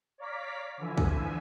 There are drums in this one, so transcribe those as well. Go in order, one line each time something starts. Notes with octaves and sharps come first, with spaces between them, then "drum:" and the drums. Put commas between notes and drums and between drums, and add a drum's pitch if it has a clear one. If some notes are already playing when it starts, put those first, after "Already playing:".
C#5 D5 F5 A#5 D6 B6
D3 E3 F3 E5 G#5
drum: kick